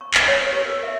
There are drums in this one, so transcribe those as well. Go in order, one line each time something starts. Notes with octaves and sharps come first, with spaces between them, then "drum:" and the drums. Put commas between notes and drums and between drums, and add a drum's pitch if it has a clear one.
C#6
G#5, drum: clap
C#5
B4
G4
A#4
E5